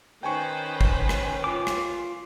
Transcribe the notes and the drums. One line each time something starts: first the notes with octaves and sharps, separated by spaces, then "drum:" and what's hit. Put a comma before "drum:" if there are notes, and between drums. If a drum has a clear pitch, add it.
D#3 C#4 B4 C5 G5 G#5 C#6
drum: kick
drum: rim click
F4 D6
drum: rim click